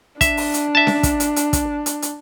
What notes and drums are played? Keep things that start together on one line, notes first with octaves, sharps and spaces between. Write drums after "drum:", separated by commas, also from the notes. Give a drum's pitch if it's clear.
D4 E5, drum: kick, hi-hat
drum: open hi-hat
drum: hi-hat
E5 A5
drum: snare C#4
drum: kick, hi-hat
drum: hi-hat
drum: hi-hat
drum: kick, hi-hat
drum: hi-hat
drum: hi-hat